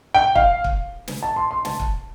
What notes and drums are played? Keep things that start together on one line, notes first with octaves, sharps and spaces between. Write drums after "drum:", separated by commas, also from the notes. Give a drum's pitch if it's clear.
G5
F5, drum: kick
drum: kick
drum: snare
A5
C6
C6
A5, drum: snare
drum: kick